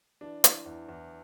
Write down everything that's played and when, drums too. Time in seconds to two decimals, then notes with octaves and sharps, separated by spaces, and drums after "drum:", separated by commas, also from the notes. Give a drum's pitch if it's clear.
0.21 E3 D4
0.44 E3, drum: hi-hat
0.66 E2
0.89 E2